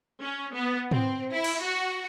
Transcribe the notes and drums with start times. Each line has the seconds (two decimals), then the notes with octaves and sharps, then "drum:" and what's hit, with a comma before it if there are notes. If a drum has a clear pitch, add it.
0.22 C#4
0.53 B3
0.91 C4, drum: tom
1.32 E4
1.44 drum: cymbal
1.61 F#4